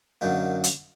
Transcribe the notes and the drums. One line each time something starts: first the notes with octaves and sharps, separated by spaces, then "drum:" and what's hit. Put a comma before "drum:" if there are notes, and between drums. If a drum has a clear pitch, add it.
F#2 D3 F#3 A#3 D#4
drum: hi-hat